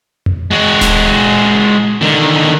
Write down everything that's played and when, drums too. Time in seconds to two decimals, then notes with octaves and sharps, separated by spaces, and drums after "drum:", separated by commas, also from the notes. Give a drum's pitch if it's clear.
0.26 drum: tom F2
0.51 G#3 F#4
0.81 drum: snare D1
2.01 D3 D#3